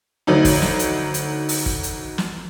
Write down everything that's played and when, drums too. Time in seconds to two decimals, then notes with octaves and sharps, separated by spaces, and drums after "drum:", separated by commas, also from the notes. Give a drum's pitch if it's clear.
0.27 D2 F#3 D#4
0.45 drum: kick, open hi-hat
0.62 drum: snare
0.79 drum: hi-hat
1.14 drum: hi-hat
1.49 drum: open hi-hat
1.66 drum: kick
1.83 drum: hi-hat
2.18 drum: snare